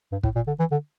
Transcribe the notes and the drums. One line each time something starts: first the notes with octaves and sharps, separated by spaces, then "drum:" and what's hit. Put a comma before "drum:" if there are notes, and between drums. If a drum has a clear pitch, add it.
G2
A2, drum: kick
A#2
D3
E3
D3